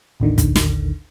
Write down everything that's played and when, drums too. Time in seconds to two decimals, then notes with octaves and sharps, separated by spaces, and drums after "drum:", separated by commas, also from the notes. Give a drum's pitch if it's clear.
0.20 A1 D#2 D3 D#3
0.38 drum: kick, hi-hat
0.56 drum: snare